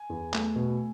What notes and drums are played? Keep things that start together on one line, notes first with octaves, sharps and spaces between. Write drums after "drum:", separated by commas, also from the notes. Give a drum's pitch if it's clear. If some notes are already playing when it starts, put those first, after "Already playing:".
Already playing: G#5
E2
A3, drum: clap
B2